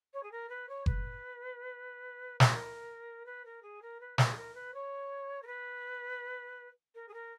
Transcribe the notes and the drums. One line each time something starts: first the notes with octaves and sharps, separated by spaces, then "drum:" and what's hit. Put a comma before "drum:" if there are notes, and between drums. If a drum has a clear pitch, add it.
C#5
G#4
A#4
B4
C#5
B4, drum: kick F#1
B4, drum: snare
A#4
B4
A#4
G#4
A#4
B4
A#4, drum: snare
G#4
A#4
B4
C#5
A#4
B4
A#4
G#4
A#4